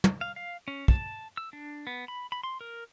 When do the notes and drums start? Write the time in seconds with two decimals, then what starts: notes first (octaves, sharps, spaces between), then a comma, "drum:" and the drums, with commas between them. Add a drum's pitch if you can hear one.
0.04 drum: tom
0.21 F5
0.36 F5
0.68 C#4
0.88 A5, drum: kick
1.37 E6
1.53 D4
1.87 B3
2.08 B5
2.32 B5
2.43 C6
2.61 A#4